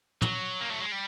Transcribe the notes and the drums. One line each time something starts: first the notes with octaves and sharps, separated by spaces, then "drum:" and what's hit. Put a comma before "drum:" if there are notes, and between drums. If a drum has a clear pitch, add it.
F#3, drum: tom
A#3
A3
G#3
G3